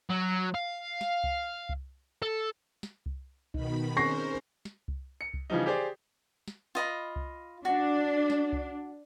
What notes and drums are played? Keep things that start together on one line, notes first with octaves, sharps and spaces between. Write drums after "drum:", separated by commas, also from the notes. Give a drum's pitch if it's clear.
F#3
F5
drum: snare
drum: kick C2
drum: kick C2
A4
drum: snare
drum: kick C2
B2 D#3 D#4 B5, drum: kick C2
C4 C#4 G#4 A#4 C5 C#6 A#6 C7
drum: snare
drum: kick C2
C#7
drum: kick C2
C#3 E3 F3 G3 D#4
G4 G#4 C5 D5
drum: snare
F4 D#5 B5
drum: kick C2
D4 F#4
drum: snare
drum: kick C2